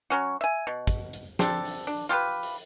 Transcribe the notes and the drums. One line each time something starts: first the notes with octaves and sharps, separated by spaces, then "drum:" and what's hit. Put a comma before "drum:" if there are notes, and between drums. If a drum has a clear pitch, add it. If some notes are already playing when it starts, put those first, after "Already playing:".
F#3 C#4 F#4
E5 G#5
B2
drum: kick, hi-hat
drum: hi-hat
C4 D4 A4, drum: snare
drum: open hi-hat
D4
F4 G4 A4 B4
drum: open hi-hat